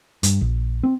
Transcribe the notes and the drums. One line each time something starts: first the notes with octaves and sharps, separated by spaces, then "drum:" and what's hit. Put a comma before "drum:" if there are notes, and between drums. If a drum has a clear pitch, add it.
G2, drum: hi-hat
A#1
C4